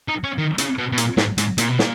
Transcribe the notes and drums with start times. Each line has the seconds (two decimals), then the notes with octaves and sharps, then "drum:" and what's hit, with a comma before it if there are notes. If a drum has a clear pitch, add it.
0.08 D#4
0.24 C#4
0.38 D#3
0.58 C#3, drum: hi-hat
0.78 B2
0.92 B2
0.98 A#2, drum: hi-hat
1.17 G#2, drum: snare
1.38 G#2, drum: hi-hat
1.58 A#2, drum: hi-hat
1.69 B2
1.79 A#2, drum: snare